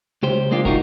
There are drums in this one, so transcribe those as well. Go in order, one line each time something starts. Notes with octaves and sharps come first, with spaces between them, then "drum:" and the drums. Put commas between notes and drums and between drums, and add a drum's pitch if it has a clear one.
C#2 G4 C5
G#3 A#3 D4 F4 G4
D#4 F4 F#4 A#4, drum: kick